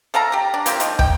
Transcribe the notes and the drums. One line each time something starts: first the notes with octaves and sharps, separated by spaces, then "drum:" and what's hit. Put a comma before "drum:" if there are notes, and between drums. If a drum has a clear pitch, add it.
A4 F5 A5 A#5
G4 A#5
D4
A#3 C4 F4 G4, drum: hi-hat
D#3 F3, drum: hi-hat
G5, drum: kick